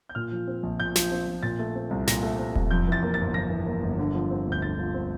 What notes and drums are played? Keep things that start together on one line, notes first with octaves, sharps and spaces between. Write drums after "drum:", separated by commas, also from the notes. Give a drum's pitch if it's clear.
G6
A#2 F6
F3
C4
A#1
A#2 G6
F3, drum: snare
C4
A#1
A#2 A6
A3
C4
C2
A#2 A#6, drum: snare
A3
C4
C2, drum: kick E1
F2 G6
E3 A6
A#3
A6
G1
F2 A#6
E3
A#3
G1
D3
F3
C4
D2
G6
D3 A6
F3
C4